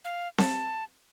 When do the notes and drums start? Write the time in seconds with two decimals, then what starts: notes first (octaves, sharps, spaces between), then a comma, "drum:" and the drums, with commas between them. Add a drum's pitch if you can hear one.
0.04 F5
0.38 A5, drum: snare C4